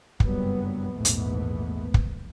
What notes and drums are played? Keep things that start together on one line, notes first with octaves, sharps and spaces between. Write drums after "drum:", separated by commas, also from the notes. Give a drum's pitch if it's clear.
F#1 G2 F#3 G3 B3, drum: kick
A#1 E2 G#2 A3 B3
drum: hi-hat
drum: kick